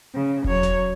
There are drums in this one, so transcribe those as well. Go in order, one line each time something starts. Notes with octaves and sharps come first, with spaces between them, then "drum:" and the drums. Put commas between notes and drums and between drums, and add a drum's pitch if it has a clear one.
C#3
F#3 C#5, drum: kick E1
drum: snare G1